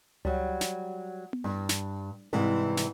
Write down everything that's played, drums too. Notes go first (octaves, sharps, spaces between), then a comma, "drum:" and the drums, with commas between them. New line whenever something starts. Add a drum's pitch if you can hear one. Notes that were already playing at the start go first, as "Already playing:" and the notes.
F#3 G3, drum: tom C#2
drum: snare
drum: tom B3
G2
drum: snare
G#2 C3 E3 G3
drum: snare